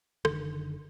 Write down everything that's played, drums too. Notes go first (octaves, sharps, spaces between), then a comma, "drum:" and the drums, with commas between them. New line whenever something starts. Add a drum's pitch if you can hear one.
F#1 C#2 D3 D#3, drum: rim click